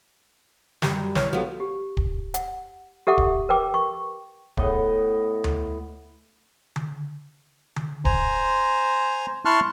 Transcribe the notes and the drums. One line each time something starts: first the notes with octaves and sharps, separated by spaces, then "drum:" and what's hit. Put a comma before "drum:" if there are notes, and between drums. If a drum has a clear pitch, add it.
F#2 G3, drum: snare
B1 E3 C#5 F6, drum: snare
F3 B3 F#4 G4 A4
G4
drum: kick
F#5, drum: hi-hat
G4 A4 E5 F#5 D6
drum: kick
A#4 B4 G5 D6
C#6
A2 B3 D#5 F#5, drum: kick
drum: tom D2
drum: tom D3
drum: tom D3
C5 G#5 A#5, drum: kick
E4 A5 C6 C#6 F6 F#6